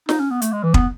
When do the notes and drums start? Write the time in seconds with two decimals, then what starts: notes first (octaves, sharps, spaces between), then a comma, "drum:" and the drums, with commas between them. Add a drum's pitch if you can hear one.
0.09 D#4, drum: snare
0.20 C#4
0.30 B3
0.42 A3, drum: hi-hat
0.52 G#3
0.63 E3
0.74 B3, drum: kick